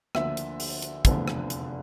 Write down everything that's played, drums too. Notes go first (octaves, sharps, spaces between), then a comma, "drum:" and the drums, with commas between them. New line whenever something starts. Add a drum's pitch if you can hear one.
D2 D3 F3 A#3 E5, drum: rim click
drum: hi-hat
drum: open hi-hat
drum: hi-hat
F1 E2 D3 F3 A3, drum: kick, hi-hat
drum: rim click
drum: hi-hat